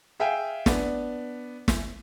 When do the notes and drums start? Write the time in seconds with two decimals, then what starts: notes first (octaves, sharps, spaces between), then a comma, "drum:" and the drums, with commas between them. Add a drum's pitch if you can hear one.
0.20 G#4 E5 F5 G5 G#5
0.66 B3 D4, drum: snare
1.68 drum: snare